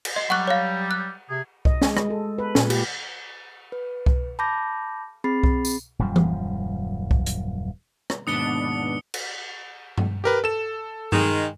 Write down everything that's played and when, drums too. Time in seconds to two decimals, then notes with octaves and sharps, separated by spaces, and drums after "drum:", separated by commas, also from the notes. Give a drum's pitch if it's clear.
0.05 drum: cymbal
0.16 D#5 C6
0.30 F#3 G3 F#5 C#6 F#6
0.48 C#5 F5
0.91 F#6
1.30 C3 G#4
1.65 D#5, drum: kick C2
1.82 G#3, drum: snare
1.97 G#3, drum: rim click
2.10 A4
2.38 B4
2.55 A#2, drum: snare
2.70 G4, drum: cymbal
3.72 B4
4.06 drum: kick C2
4.39 A5 B5 D6 G6 A#6
5.24 C4 G#4 B5 A6 C7
5.44 drum: kick C2
5.65 drum: tambourine
5.99 D#1 F#2 F3 G3
6.16 drum: tom E3
7.11 drum: kick C2
7.26 drum: hi-hat
8.10 drum: rim click
8.27 D#2 G#2 B2 B3 D4 D#6 C#7 G7
9.14 drum: cymbal
9.98 drum: tom G2
10.24 G4 A#4 B4
10.44 A4 E7
11.12 D#3 G#3, drum: tom G2